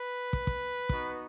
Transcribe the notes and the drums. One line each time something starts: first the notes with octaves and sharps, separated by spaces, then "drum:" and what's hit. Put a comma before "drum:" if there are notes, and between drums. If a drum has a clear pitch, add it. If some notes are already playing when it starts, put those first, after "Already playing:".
Already playing: B4
drum: kick
drum: kick
B3 D#4 F#4, drum: kick